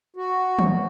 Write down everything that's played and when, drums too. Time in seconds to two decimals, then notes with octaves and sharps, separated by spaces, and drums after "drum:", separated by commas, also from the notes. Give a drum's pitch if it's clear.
0.16 F#4
0.59 drum: tom